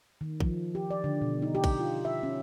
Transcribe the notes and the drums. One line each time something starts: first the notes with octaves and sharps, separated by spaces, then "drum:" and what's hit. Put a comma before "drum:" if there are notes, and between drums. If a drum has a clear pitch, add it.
D#3
F3, drum: kick
G4
D5
D3
B2
D#4
G4
drum: kick, cymbal
F4
E5
C#4